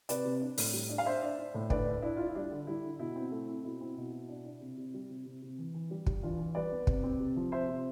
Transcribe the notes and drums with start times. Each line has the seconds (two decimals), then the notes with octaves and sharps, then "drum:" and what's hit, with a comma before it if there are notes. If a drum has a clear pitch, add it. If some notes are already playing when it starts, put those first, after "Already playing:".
0.09 C3 B4 D5, drum: hi-hat
0.25 C3
0.42 D4
0.58 A2, drum: open hi-hat
0.73 G3
0.90 D4
0.98 F5
1.05 D4 C5 E5
1.22 D4
1.38 D4
1.54 A2
1.70 D3 B4 D5, drum: kick
1.87 D4
2.02 D4 E4
2.17 D4 F4
2.26 E4
2.35 G3 D4
2.51 D3
2.67 G3 E4
2.84 D3
2.99 B2 E4
3.15 C4
3.32 A3 E4
3.49 C4
3.64 B2 E4
3.81 C4
3.97 B2
4.13 B2
4.29 D4
4.45 D4
4.61 C3
4.77 C3
4.94 G3
5.09 C3
5.26 C3
5.42 C3
5.58 E3
5.74 E3
5.91 G3
6.06 G3, drum: kick
6.23 E3 D4 F4
6.39 E3
6.55 G3 B4 D5
6.72 B3
6.87 C3, drum: kick
7.03 C4
7.20 C3
7.36 F3
7.52 C3 C5 E5
7.68 C3